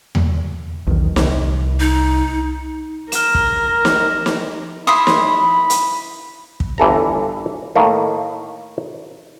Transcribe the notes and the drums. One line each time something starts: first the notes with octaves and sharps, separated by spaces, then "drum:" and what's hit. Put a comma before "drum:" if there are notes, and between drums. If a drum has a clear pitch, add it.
drum: tom E2
B1 E2 D#3
C2, drum: snare
D#4
A#4 F6 E7, drum: hi-hat
drum: kick
drum: snare
drum: snare
E4 B5 C6 D#6
drum: snare
drum: hi-hat
drum: kick
G1 E3 A4 A#5
A2 D#3 A3 A#3